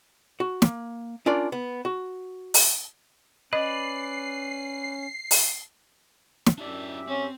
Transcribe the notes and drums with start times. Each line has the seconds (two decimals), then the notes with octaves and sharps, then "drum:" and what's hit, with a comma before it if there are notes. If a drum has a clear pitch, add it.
0.40 F#4
0.62 A#3, drum: snare
1.26 C#4 D4 F4 A#4 D5
1.52 B3
1.85 F#4
2.54 drum: open hi-hat
3.53 C#4 B4 D5 D#5 C7
5.31 drum: open hi-hat
6.46 drum: snare
6.58 F#2 D4 E4 G4 D5 E5
7.08 C4 C#4